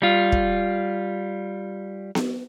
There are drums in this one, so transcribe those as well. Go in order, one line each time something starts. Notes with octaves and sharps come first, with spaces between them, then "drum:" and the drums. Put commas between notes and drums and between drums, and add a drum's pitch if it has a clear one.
G3 F4
drum: kick
drum: snare B3